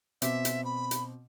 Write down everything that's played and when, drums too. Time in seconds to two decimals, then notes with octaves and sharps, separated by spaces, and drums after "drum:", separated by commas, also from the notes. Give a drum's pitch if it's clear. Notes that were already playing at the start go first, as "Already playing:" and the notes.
0.22 B2 C4 E5 D6, drum: hi-hat
0.45 drum: hi-hat
0.65 B5
0.91 drum: hi-hat